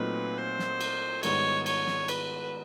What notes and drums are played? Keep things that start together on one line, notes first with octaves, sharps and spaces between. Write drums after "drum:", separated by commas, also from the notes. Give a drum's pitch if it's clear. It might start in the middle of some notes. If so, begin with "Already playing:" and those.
Already playing: A#2 F#3 A3 C4 D#4 B4
C5
drum: snare
drum: cymbal
G#2 D#3 G3 B3 D#4 C#5, drum: cymbal
C#5, drum: cymbal
drum: snare
B4, drum: cymbal